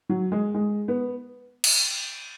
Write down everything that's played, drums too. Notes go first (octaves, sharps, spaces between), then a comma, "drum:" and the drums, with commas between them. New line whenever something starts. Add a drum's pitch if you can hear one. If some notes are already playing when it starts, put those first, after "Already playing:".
F#3
G#3
G#3
B3
drum: cymbal